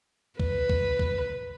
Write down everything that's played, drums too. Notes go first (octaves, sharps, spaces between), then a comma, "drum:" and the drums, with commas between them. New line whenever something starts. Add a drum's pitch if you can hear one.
B4, drum: kick C2
drum: kick C2
drum: kick C2